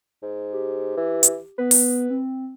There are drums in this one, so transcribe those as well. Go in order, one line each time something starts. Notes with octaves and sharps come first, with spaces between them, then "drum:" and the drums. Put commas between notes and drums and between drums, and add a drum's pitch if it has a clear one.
G#2
G4
E3
drum: hi-hat
B3 B4
drum: open hi-hat
C4